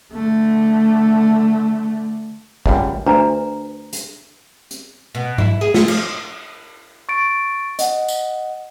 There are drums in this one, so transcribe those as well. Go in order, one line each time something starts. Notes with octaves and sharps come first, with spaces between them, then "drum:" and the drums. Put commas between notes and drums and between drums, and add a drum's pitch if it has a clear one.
D3 A3
C#2 F#2 G3, drum: kick A1
D2 D4 B4 A#5
drum: hi-hat
drum: hi-hat
B2
E4, drum: tom G#2
G#4
A3, drum: snare
F3, drum: cymbal
C#6 A6 D7
D#5 F#5, drum: hi-hat
drum: tambourine